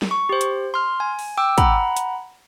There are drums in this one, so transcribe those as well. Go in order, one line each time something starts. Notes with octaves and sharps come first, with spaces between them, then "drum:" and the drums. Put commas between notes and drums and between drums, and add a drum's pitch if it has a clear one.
drum: snare
C#6
G4 C5
drum: hi-hat
C6 F6
G#5
drum: open hi-hat
G5 D6 E6
F#5 A#5 B5, drum: kick, hi-hat
drum: hi-hat